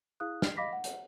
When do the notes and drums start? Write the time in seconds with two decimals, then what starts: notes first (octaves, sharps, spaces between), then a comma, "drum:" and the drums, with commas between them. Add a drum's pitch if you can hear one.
0.20 E4 G#4 F5 D#6 F#6
0.42 F6 C7, drum: snare
0.57 D#5 F5 B5 D6 A#6 B6
0.73 F#5
0.84 drum: hi-hat